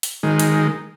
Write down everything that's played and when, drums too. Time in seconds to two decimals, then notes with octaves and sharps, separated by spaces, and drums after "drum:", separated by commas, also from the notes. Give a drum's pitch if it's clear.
0.03 drum: hi-hat
0.23 D#3 G#3
0.40 drum: hi-hat